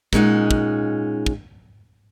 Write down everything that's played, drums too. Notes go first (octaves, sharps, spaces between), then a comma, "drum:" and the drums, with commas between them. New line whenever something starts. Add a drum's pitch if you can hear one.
A#2 G#3 C#4 D#4 F#5, drum: kick
drum: kick
drum: kick